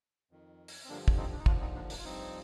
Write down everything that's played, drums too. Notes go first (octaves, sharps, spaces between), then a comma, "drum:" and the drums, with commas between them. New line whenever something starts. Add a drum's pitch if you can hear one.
F2 D#3
drum: open hi-hat
C4
G2 D3 F3 A#3 D4
drum: kick
C4 D#4
D4
D#4
D#2 D3 F3 D4 F4, drum: kick
C4 D#4
A#3 D4
A#3 D4, drum: open hi-hat
F4
G2 F3 C4 D#4